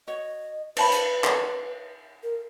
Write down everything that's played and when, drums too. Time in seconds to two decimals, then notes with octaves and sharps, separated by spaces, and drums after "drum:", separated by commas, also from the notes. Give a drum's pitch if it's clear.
0.07 F#4 C#5 D#5
0.77 B4 C5 A5 B5, drum: cymbal
0.92 drum: hi-hat
1.24 drum: clap
2.23 A#4